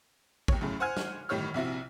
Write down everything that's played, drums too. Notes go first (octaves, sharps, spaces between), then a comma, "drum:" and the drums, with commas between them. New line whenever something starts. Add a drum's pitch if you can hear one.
D#2 C#5, drum: kick A1
F#2 A2 C#3
C5 F#5 G#5 F6 G#6
drum: snare
G1 A2 D#3 G4 C#5 F6
A#1 C3 E4 F#4